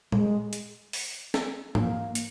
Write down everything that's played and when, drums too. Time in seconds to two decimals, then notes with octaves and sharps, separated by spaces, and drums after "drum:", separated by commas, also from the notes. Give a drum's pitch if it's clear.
0.12 G#3, drum: tom A#2
0.53 drum: hi-hat
0.93 drum: open hi-hat
1.34 drum: snare
1.75 A#3, drum: tom G#2
2.15 drum: hi-hat